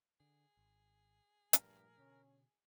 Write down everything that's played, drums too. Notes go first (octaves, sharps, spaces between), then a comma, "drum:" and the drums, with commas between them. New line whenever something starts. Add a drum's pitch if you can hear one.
D3 G#4
G#1
G2 A#2 F3 A3 A#4, drum: hi-hat
B2 D3 C#4